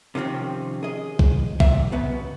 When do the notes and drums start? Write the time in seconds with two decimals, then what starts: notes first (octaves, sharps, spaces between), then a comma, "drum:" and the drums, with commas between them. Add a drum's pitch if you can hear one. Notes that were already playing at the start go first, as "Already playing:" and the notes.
0.15 C3 D#3 F3 C4 C#4
0.83 G#4 D#5
1.19 drum: kick
1.60 C#2 A#2 E5, drum: kick
1.92 C#2 B2 B3